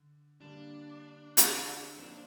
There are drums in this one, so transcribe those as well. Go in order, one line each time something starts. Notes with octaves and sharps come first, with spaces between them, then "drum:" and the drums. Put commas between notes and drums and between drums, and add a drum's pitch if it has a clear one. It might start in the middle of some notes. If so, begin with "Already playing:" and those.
Already playing: D3
D3 G3 A#3 D4
drum: hi-hat
F3 A#3 C4 D#4 A#4 D5
D4